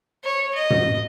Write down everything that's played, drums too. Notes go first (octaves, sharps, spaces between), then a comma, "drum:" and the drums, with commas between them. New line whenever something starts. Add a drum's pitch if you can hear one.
C#5
D#5
drum: tom